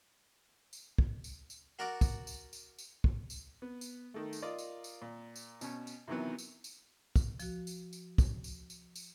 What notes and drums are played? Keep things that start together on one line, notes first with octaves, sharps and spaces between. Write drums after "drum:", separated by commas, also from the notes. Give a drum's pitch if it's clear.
drum: tambourine
drum: kick
drum: tambourine
drum: tambourine
F#4 A#4 D5 F#5 D6
drum: kick, tambourine
drum: tambourine
drum: tambourine
drum: tambourine
drum: kick
drum: tambourine
B3
drum: tambourine
D#3 A3
drum: tambourine
F4 A#4 D5 D#5
drum: tambourine
drum: tambourine
A#2
drum: tambourine
B2 C#4, drum: tambourine
drum: tambourine
C3 D#3 E3 F#3 B3
drum: tambourine
drum: tambourine
drum: kick, tambourine
F3 F#4, drum: tambourine
drum: tambourine
drum: tambourine
drum: kick, tambourine
drum: tambourine
drum: tambourine
drum: tambourine